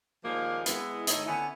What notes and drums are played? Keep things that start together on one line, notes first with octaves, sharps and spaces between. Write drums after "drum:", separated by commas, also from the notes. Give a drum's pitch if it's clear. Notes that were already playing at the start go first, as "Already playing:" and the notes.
D#2 A#2 F3 G#3 A#3
G#3 B3 E4, drum: hi-hat
A2 D#3 A3 E4 C#5 D#5, drum: hi-hat
D3 B3 C#4 E4